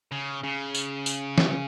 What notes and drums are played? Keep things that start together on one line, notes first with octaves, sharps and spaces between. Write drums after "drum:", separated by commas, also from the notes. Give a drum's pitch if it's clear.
C#3
C#3
drum: tambourine
drum: tambourine
drum: snare